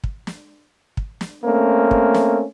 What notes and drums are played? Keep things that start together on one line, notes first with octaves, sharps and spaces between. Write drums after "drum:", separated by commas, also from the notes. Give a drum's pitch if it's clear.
drum: kick
drum: snare
drum: kick
drum: snare
A3 A#3 C4 C#4
drum: kick
drum: snare